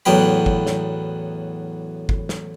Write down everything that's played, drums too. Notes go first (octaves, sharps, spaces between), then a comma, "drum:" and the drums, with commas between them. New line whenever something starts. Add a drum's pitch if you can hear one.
E2 A2 F#3 B3 G5 B5
drum: kick G1
drum: snare
drum: kick G1
drum: snare